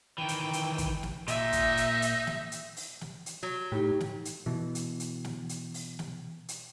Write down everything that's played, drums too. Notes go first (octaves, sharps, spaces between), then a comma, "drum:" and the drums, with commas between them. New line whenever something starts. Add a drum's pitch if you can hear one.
D#3 E3 G5
drum: hi-hat
drum: hi-hat
drum: kick, hi-hat
drum: snare
A#2 D#4 E5, drum: hi-hat
drum: kick, hi-hat
drum: hi-hat
drum: hi-hat
drum: snare
drum: hi-hat
drum: open hi-hat
drum: snare
drum: hi-hat
F#3
A2 D#4 G4
drum: snare
drum: hi-hat
B2 E3
drum: hi-hat
drum: hi-hat
drum: snare
drum: hi-hat
drum: open hi-hat
drum: snare
drum: hi-hat